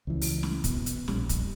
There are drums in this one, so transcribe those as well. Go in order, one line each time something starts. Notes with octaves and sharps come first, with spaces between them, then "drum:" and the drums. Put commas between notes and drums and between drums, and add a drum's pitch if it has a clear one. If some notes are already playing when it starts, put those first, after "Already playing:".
C#2 E3
drum: open hi-hat
drum: snare
B2, drum: kick, hi-hat
drum: hi-hat
A#1 G3, drum: snare
drum: kick, hi-hat